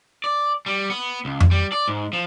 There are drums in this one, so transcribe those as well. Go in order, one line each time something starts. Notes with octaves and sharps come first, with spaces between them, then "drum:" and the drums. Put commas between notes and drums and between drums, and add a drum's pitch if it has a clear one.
D5
G3
B3
C#2
drum: tom F2
G3
D5
G#2
F3